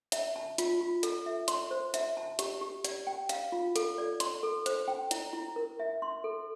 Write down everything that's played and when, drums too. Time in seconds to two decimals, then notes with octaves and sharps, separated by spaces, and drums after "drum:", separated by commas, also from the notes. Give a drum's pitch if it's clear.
0.12 E5, drum: hi-hat
0.36 A5
0.58 F4, drum: hi-hat
0.81 F4
1.03 A4, drum: hi-hat
1.26 E5
1.48 C6, drum: hi-hat
1.71 C5
1.94 E5, drum: hi-hat
2.17 A5
2.39 G4, drum: hi-hat
2.61 G4
2.85 D5, drum: hi-hat
3.07 G5
3.29 F5, drum: hi-hat
3.52 F4
3.76 A4, drum: hi-hat
3.98 D5
4.20 C6, drum: hi-hat
4.43 A4
4.66 C5, drum: hi-hat
4.88 G5
5.11 E4, drum: hi-hat
5.33 E4
5.56 A#4
5.80 E5
6.02 C6
6.24 A4